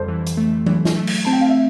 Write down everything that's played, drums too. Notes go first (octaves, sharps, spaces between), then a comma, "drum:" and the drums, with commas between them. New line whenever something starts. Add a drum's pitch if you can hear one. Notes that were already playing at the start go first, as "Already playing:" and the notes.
Already playing: F2 D3 G3 A4 C5
E3
drum: hi-hat
A3
E3, drum: tom F#3
drum: snare
A3
drum: cymbal
C4 A5
G5
F5
E5